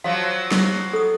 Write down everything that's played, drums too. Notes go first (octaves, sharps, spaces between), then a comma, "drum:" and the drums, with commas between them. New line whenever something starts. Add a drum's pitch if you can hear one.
F3 F#3 F5
drum: snare
A4 D#6